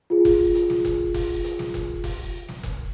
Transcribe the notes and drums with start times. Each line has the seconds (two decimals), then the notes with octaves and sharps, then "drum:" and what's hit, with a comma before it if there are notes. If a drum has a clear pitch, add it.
0.10 F4 G#4
0.25 drum: kick F1, open hi-hat
0.55 drum: hi-hat
0.70 drum: snare
0.85 drum: kick F1, hi-hat
1.14 drum: kick F1, open hi-hat
1.44 drum: hi-hat
1.59 drum: snare
1.74 drum: kick F1, hi-hat
2.04 drum: kick F1, open hi-hat
2.48 drum: snare
2.63 drum: kick F1, hi-hat